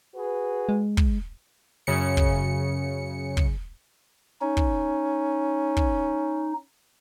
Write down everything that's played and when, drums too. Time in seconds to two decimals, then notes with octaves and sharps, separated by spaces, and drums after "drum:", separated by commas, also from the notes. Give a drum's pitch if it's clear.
0.15 F#4 G#4 B4
0.69 G#3
0.97 drum: kick
1.87 F#2 C#3 C#7
2.17 drum: kick
3.37 drum: kick
4.42 C#4 D#4
4.57 drum: kick
5.77 drum: kick